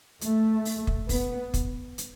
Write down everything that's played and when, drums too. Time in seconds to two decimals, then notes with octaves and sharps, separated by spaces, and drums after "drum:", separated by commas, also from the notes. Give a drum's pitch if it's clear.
0.21 A3, drum: hi-hat
0.65 drum: open hi-hat
0.87 drum: kick
1.09 B3, drum: kick, open hi-hat
1.54 drum: kick, hi-hat
1.98 drum: hi-hat